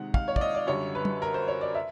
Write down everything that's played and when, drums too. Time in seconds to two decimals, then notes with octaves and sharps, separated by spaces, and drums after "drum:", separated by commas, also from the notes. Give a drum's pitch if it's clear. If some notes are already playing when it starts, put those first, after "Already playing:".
Already playing: C3 D#3 G#3 F#5
0.14 F5, drum: kick
0.28 C#5
0.36 D5, drum: kick
0.41 D#5
0.55 D5
0.67 F#2 D3 G3 C#5
0.95 B4
1.05 drum: tom
1.22 A#4
1.34 C5
1.48 C#5
1.61 D5
1.75 E5